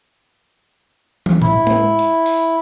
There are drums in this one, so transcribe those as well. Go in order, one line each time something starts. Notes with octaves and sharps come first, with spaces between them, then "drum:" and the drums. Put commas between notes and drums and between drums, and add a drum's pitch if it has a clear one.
drum: tom
E4, drum: tom A2
drum: tom G#3
drum: hi-hat
drum: open hi-hat